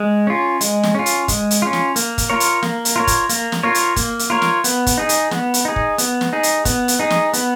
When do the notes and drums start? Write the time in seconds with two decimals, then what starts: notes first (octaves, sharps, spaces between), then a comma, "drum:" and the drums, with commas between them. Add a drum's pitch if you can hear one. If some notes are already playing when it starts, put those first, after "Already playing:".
Already playing: G#3
0.27 C#4 F4
0.61 G#3, drum: hi-hat
0.83 drum: snare
0.95 C#4 F4
1.06 drum: hi-hat
1.28 G#3, drum: kick, hi-hat
1.51 drum: hi-hat
1.62 C#4 F4
1.73 drum: snare
1.96 A#3, drum: hi-hat
2.18 drum: kick, hi-hat
2.30 F4 A#4 C#5
2.40 drum: hi-hat
2.63 A#3, drum: snare
2.85 drum: hi-hat
2.96 F4 A#4 C#5
3.07 drum: kick, hi-hat
3.29 A#3, drum: hi-hat
3.52 drum: snare
3.63 F4 A#4 C#5
3.75 drum: hi-hat
3.96 A#3, drum: kick, hi-hat
4.19 drum: hi-hat
4.30 F4 A#4 C#5
4.42 drum: snare
4.64 B3, drum: hi-hat
4.87 drum: kick, hi-hat
4.98 D#4 G#4
5.09 drum: hi-hat
5.31 B3, drum: snare
5.54 drum: hi-hat
5.65 D#4 G#4
5.76 drum: kick
5.98 B3, drum: hi-hat
6.21 drum: snare
6.33 D#4 G#4
6.43 drum: hi-hat
6.65 B3, drum: kick, hi-hat
6.88 drum: hi-hat
6.99 D#4 G#4
7.10 drum: snare
7.33 B3, drum: hi-hat